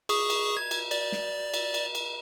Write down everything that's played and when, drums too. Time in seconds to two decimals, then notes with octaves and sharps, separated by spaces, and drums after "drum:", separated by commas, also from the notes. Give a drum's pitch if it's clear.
0.09 G#4 C#6 D#6, drum: cymbal
0.30 drum: cymbal
0.57 G#6
0.71 drum: cymbal
0.91 D5, drum: cymbal
1.12 drum: snare
1.54 drum: cymbal
1.74 drum: cymbal
1.95 drum: cymbal